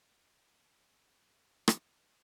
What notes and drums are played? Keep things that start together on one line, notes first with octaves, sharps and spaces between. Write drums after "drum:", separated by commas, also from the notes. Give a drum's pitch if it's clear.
D5 G5 A#5 C6 E6 F#6
drum: rim click